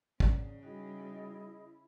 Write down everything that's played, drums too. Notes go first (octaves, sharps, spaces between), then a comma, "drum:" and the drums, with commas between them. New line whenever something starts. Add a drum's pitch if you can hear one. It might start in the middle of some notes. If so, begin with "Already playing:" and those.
C#3 D5, drum: kick
G3 D#4 E4 F#4 G#4 D#5